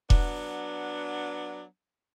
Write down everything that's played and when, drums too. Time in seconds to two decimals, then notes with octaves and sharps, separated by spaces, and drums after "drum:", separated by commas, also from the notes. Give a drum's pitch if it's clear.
0.10 F#3 B3 D4, drum: kick E1